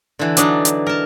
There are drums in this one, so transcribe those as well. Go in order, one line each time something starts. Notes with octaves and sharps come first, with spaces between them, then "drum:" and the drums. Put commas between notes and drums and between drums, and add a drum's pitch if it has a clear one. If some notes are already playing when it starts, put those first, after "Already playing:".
D3 E3
F#3 D4 D#4, drum: hi-hat
drum: hi-hat
A#4 A5